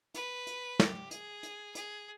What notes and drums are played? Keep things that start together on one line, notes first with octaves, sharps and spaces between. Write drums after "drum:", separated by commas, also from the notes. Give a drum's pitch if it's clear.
B4, drum: hi-hat
drum: hi-hat
G4, drum: snare
G#4, drum: hi-hat
drum: hi-hat
G#4, drum: hi-hat